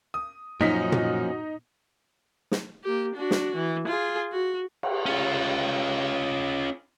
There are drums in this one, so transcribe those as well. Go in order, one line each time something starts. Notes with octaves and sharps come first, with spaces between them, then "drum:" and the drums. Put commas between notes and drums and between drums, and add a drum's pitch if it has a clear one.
D#6
F#2 A#2 F3 C#4 D#4 F#4 B6
drum: tom
drum: snare
A#3 G4
D4 F#4
drum: snare
E3
F4 G#4
F#4
drum: cymbal
C#4 F4